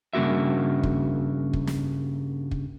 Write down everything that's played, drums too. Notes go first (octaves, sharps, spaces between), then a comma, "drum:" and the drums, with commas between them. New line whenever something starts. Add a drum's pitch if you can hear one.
G2 C#3 A#3 F#4 E5
drum: kick
drum: kick
drum: snare
drum: kick